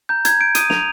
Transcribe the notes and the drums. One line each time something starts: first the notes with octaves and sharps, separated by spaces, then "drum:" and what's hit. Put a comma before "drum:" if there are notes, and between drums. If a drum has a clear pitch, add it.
A#5 G6
A#5 G#6, drum: hi-hat
G6 D7
D#6 D#7, drum: hi-hat
A#5 F7, drum: snare